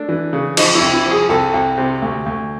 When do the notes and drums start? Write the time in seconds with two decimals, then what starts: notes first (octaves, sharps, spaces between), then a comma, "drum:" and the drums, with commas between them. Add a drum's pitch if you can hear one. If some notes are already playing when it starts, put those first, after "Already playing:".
Already playing: A3 D4
0.09 E3
0.33 C#3
0.57 F3 D#4, drum: cymbal
0.75 E4
0.81 C2
0.93 E4
1.06 F3
1.11 G#4
1.29 C2 A4
1.54 C2
1.78 C3
2.02 D2
2.26 D2